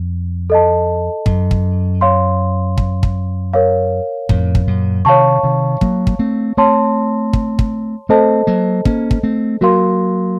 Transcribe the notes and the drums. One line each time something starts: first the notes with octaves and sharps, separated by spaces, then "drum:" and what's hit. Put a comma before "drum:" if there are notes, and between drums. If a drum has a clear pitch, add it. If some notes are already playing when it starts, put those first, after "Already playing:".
Already playing: F2
A4 D#5 A5
F#2, drum: kick
drum: kick
C#5 F5 C6
drum: kick
drum: kick
A#4 C#5 F5
F2 A2, drum: kick
drum: kick
F#2 A#2
C3 D#3 C#5 F5 A5 C#6
C3 D#3
F#3 A#3, drum: kick
drum: kick
A3 C4
A3 C4 C#5 A5 C6
drum: kick
drum: kick
A3 C4 A4 C5 D#5 A5
F#3 A#3
A#3 C#4, drum: kick
drum: kick
A3 C4
F#3 A#3 F#4 A#4 F5 C6